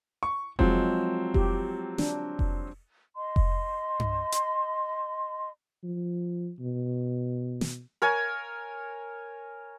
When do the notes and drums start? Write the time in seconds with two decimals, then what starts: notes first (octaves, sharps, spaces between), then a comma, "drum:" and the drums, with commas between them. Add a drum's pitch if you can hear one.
0.23 C#6
0.59 F3 F#3 G#3 C4, drum: kick F1
1.34 G4, drum: kick F1
1.98 D4, drum: snare
2.39 drum: kick F1
3.16 D#5 C6
3.36 drum: kick F1
4.00 drum: tom G2
4.32 drum: hi-hat
5.83 F3
6.59 B2
7.61 drum: snare
8.02 A#4 C#5 G#5